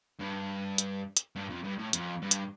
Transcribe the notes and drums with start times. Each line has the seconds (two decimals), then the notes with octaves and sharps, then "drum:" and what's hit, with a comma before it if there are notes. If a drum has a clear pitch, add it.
0.21 G2
0.78 drum: hi-hat
1.17 drum: hi-hat
1.36 G2
1.50 F2
1.64 G2
1.79 A2
1.93 F2, drum: hi-hat
2.22 G2
2.31 drum: hi-hat